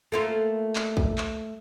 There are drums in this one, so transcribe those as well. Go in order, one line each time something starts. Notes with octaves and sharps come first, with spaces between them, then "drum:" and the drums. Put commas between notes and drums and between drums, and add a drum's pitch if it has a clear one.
A3 A#3 F4
drum: clap
drum: kick
drum: clap